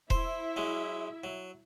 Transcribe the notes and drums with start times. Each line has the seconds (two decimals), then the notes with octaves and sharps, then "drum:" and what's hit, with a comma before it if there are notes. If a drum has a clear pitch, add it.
0.10 E4 C5 E5, drum: kick E1
0.56 F#3 G#3
1.24 F#3